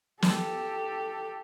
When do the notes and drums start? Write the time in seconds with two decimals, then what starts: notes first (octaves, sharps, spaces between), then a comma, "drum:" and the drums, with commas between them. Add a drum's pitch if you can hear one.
0.22 G4 A4, drum: snare